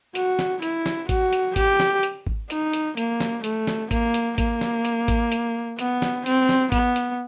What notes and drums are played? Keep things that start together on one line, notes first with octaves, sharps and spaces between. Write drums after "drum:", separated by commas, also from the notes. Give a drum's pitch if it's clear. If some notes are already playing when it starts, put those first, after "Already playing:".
F#4, drum: hi-hat
drum: snare
E4, drum: hi-hat
drum: snare
F#4, drum: kick G#1, hi-hat
drum: hi-hat
G4, drum: kick G#1, hi-hat
drum: snare
drum: hi-hat
drum: kick G#1
D#4, drum: hi-hat
drum: hi-hat
A#3, drum: hi-hat
drum: snare
A3, drum: hi-hat
drum: snare
A#3, drum: kick G#1, hi-hat
drum: hi-hat
A#3, drum: kick G#1, hi-hat
drum: snare
drum: hi-hat
drum: kick G#1, hi-hat
drum: hi-hat
B3, drum: hi-hat
drum: snare
C4, drum: hi-hat
drum: snare
B3, drum: kick G#1, hi-hat
drum: hi-hat